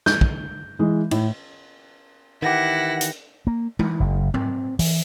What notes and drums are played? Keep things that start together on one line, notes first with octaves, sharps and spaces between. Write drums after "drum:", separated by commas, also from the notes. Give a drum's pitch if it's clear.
G6, drum: snare
drum: kick
E3 G#3
A2, drum: cymbal
D#3 E3 E4 G4 F#5 A#6
drum: hi-hat
A#3
E3, drum: tom G#3
F#1
C4, drum: tom G#2
E3, drum: open hi-hat